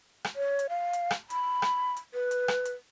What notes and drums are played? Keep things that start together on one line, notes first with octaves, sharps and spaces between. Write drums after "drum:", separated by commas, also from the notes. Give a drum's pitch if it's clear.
drum: rim click
C#5
drum: hi-hat
F5
drum: hi-hat
drum: rim click
B5, drum: hi-hat
drum: rim click
drum: hi-hat
B4
drum: hi-hat
drum: rim click
drum: hi-hat